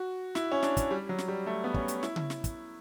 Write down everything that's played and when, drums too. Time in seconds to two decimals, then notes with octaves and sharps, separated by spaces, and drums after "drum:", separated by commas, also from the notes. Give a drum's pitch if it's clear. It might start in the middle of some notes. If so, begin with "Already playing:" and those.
Already playing: F#4
0.35 E4, drum: snare
0.52 C#4
0.63 D4, drum: snare
0.77 drum: kick, hi-hat
0.91 G3
1.09 F#3
1.18 drum: snare
1.28 G3
1.46 A3
1.64 B3
1.74 C#4, drum: kick
1.88 drum: hi-hat
2.03 E4, drum: snare
2.16 drum: tom C#3
2.30 drum: snare
2.44 drum: kick, hi-hat